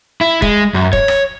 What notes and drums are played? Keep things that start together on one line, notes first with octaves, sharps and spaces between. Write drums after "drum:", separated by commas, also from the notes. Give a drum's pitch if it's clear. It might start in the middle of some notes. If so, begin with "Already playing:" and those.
E4
G#3, drum: kick D#1
F#2
C#5, drum: kick D#1
drum: rim click